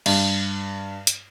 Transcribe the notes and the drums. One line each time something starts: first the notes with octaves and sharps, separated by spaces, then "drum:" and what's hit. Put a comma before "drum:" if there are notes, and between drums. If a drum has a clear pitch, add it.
G2, drum: cymbal
drum: hi-hat